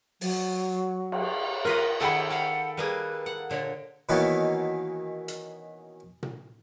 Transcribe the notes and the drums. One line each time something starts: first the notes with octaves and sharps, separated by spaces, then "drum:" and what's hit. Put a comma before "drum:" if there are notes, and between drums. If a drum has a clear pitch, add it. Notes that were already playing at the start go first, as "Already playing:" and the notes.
F#3, drum: open hi-hat
drum: cymbal
F4 A#4 B4 D#5
D#3 G#4 A4 F#5 G5 B5
F5 F#5
G3 A#3 G#4 B4
F#5
A#2 D3 C#5
B2 D#3 E3 A#3 B3 C#4
drum: hi-hat
drum: tom A#2